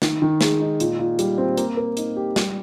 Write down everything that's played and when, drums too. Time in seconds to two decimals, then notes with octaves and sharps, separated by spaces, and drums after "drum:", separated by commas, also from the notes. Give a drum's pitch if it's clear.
0.02 D#3, drum: snare
0.22 D#3
0.41 G#3, drum: snare
0.60 D#4
0.80 A#2, drum: hi-hat
0.99 A#2
1.19 G3, drum: hi-hat
1.38 C4
1.57 A#3, drum: hi-hat
1.77 A#4
1.97 D#4, drum: hi-hat
2.16 G4
2.36 G3, drum: snare